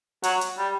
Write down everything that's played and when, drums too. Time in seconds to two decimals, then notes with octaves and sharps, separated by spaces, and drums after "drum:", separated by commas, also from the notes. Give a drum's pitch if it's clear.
0.23 F#3, drum: hi-hat
0.41 drum: hi-hat
0.58 G3